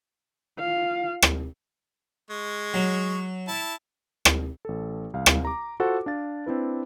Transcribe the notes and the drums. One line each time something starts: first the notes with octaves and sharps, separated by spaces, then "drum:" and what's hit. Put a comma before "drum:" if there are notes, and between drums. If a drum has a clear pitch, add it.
F4 F5
drum: rim click
G#3 C#6
F#3
E4 A5
drum: rim click
A1 A4
C2 F5
drum: rim click
A#5 D6
F4 F#4 A4 C5 F#5
D4 F5 A6
C4 D4 E4 B4